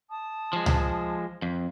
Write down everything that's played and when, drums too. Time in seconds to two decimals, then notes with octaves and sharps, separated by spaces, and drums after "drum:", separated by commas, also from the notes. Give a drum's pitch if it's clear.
0.10 A5 D#6
0.53 F3 G#3
0.66 drum: tom C#2
1.42 F2